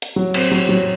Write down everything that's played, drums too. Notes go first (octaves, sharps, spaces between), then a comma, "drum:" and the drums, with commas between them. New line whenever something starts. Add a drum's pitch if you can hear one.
drum: hi-hat
F#3
C4, drum: cymbal
F#3
F#3